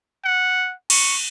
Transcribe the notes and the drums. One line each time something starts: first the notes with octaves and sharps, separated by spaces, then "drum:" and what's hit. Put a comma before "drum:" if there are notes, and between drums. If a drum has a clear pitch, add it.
F#5
C#6, drum: cymbal